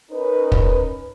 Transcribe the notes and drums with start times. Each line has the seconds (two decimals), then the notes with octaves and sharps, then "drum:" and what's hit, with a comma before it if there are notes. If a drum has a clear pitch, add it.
0.11 C#4 D#4 A#4 B4
0.52 drum: kick